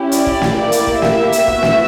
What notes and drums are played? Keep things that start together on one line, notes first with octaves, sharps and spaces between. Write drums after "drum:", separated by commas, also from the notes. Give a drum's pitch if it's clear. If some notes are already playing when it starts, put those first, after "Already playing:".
Already playing: C#4 E4 G4
D5, drum: hi-hat
drum: kick
drum: snare
A#3 E4 G4 D5
drum: hi-hat
drum: kick
E5, drum: snare
drum: hi-hat
B3 F#4, drum: kick
drum: snare